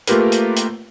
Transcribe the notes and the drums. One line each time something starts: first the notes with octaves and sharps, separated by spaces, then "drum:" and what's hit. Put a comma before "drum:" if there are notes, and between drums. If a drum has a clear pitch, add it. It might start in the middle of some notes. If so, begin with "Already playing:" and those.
A3 A#3 F4 G4 A#4 B4, drum: hi-hat
drum: hi-hat
drum: hi-hat